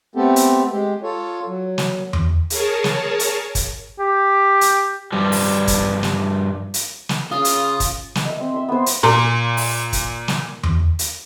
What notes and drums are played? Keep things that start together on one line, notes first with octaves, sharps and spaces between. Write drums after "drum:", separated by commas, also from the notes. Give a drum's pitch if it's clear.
A3 B3 C4 G4 A4
drum: hi-hat
G#3 G4
F4 A4 C#5
F#3
drum: snare
drum: tom E2
G#4 A#4 C#5 A5, drum: hi-hat
drum: snare
drum: hi-hat
drum: kick, hi-hat
G4
drum: hi-hat
G2 F3 G3
drum: open hi-hat
drum: kick, hi-hat
drum: snare
drum: hi-hat
drum: snare
C#3 F4 D#6
drum: hi-hat
drum: kick, hi-hat
drum: snare
D#5 E5
C4
E5 C6
B3 C5
drum: hi-hat
A#2 A#5 C6
drum: open hi-hat
drum: kick, hi-hat
drum: snare
drum: tom E2
drum: hi-hat